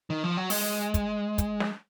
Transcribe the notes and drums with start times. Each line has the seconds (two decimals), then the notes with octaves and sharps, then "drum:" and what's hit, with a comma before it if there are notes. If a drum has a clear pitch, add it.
0.10 D#3
0.24 F3
0.37 F#3
0.50 G#3, drum: open hi-hat
0.94 drum: kick, hi-hat
1.38 drum: kick, hi-hat
1.60 drum: snare